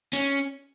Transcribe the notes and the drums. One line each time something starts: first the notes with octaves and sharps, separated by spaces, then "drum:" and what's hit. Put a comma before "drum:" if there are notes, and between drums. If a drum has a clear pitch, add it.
C#4, drum: hi-hat